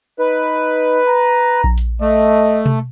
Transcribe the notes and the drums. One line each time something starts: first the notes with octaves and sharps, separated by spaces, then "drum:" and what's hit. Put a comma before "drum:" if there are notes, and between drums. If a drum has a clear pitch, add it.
D#4 B4
A#5
drum: kick A#1
drum: hi-hat
A3 D#5
drum: tom B2